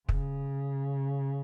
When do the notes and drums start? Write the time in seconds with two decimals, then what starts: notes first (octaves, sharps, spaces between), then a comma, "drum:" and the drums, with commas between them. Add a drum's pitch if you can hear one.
0.09 C#3, drum: kick